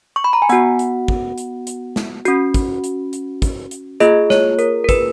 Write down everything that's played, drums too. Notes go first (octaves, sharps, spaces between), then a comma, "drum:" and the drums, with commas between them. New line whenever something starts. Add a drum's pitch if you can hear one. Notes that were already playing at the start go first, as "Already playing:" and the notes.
C#6
B5
A#5
G#5
B3 F#4 F#5, drum: hi-hat
drum: hi-hat
drum: kick
drum: hi-hat
drum: hi-hat
drum: snare
C#4 F#4, drum: hi-hat
drum: kick, hi-hat
drum: hi-hat
drum: hi-hat
drum: kick, hi-hat
drum: hi-hat
A#3 F4 G#4 D#5, drum: hi-hat
C#5, drum: snare
A#4, drum: hi-hat
A#4
B4, drum: kick, hi-hat